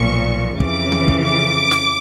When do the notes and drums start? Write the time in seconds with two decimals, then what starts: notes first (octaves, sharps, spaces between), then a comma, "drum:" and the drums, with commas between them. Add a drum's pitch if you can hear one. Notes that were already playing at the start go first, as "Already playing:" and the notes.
Already playing: B1 A#2 F3 C#6
0.60 F2 C#3 E3 D6, drum: kick
0.92 drum: tom D#3
1.08 drum: kick
1.23 D6
1.71 drum: snare